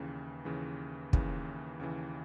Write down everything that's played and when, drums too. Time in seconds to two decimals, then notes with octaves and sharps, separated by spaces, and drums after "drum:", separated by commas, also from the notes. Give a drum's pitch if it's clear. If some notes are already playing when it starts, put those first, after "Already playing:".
Already playing: D#2 C#3 E3
0.45 D#2 C#3 E3
1.13 D#2 C#3 E3, drum: kick
1.79 D#2 C#3 E3